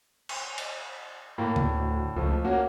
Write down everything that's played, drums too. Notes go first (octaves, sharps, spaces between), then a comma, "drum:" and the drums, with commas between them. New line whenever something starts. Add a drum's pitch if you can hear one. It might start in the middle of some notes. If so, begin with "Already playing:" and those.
drum: cymbal
drum: cymbal
A2 A#3
D2, drum: tom C#3
C#2 F3 A3
A#3 C#4 F#4